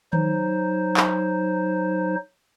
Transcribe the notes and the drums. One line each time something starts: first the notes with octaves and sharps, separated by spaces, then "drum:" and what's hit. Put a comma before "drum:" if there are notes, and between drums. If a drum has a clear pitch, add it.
F#3 D#4 C5, drum: tom D#3
drum: clap